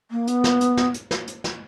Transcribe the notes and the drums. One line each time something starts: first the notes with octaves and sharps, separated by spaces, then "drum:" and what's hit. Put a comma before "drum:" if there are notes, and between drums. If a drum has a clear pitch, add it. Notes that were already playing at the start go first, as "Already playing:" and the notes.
A#3
B3, drum: hi-hat
drum: snare
drum: hi-hat
drum: snare
drum: hi-hat
drum: snare
drum: hi-hat
drum: snare